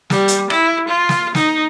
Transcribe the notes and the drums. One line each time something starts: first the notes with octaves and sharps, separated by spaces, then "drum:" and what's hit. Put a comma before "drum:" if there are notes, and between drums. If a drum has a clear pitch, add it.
G3, drum: snare
drum: hi-hat
E4, drum: rim click
F4
drum: snare
D#4, drum: snare